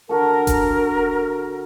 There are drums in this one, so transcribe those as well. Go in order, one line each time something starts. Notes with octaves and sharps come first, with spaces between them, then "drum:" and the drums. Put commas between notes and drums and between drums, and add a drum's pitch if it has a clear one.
D3 F#4 A4 A#4
drum: kick E1, hi-hat